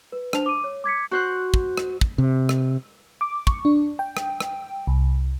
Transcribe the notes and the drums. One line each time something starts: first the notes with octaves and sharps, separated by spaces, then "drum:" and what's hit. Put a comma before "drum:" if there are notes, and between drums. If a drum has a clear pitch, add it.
B4
D4 C5 A5 F7, drum: rim click
D6 D#7
C#5
D6 G#6 B6 C#7
F#4 C5 F#6
drum: kick
drum: rim click
drum: kick
C3
drum: rim click
D6
C#6, drum: kick
D4
G5
drum: rim click
drum: rim click
C2